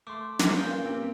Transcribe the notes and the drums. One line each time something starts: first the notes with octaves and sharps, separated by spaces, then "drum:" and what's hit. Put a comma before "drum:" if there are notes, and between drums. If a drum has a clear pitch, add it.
A3 C6 D6
drum: snare
G2 A#2 C#4 F4 G5
A#3 C4 G4